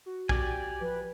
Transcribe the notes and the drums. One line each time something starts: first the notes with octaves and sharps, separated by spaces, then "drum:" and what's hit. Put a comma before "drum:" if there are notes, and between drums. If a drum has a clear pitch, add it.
F#4
G4 D5 G#5, drum: kick A#1
F3 B4